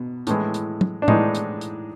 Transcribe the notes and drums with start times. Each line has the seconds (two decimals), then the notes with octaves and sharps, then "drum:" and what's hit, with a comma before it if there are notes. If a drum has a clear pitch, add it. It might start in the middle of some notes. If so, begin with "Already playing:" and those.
Already playing: B2
0.27 A2 E3 G#3, drum: hi-hat
0.54 drum: hi-hat
0.81 drum: tom
1.02 D4
1.08 A2 E3 G#3 D#4, drum: tom A2
1.35 drum: hi-hat
1.61 drum: hi-hat